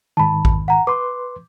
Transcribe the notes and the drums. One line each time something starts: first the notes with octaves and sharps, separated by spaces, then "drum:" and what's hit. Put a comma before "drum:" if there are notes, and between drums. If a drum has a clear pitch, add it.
G#2 D#3 A5 B5
drum: kick A1
F#5 A#5
B4 C6 D6